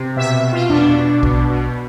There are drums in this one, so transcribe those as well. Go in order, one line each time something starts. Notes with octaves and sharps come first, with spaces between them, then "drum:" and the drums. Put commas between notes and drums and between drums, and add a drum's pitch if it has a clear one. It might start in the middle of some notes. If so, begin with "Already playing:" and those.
Already playing: C3
B2 E5
B2
F4
B2 D4, drum: tom E2
B2
B2, drum: kick A#1
B2